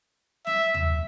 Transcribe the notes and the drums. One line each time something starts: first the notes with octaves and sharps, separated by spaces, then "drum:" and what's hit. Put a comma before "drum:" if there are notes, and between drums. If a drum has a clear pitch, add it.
E5, drum: snare
drum: tom D#2